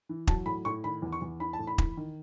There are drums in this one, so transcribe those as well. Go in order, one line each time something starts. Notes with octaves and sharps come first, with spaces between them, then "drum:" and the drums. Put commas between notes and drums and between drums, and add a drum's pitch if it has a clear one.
E3
F#3 A5, drum: kick
A2 B5
A2 C#6
D#3 B5
E2
C#6
E2
E3 B5
A5
A2
B5
E3, drum: kick
D#3